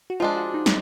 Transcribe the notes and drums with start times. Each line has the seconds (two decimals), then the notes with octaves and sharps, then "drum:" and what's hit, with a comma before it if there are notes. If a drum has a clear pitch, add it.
0.10 F#4
0.20 F3 G#3 D4 F4
0.37 F#4
0.54 D#4
0.66 D#4, drum: snare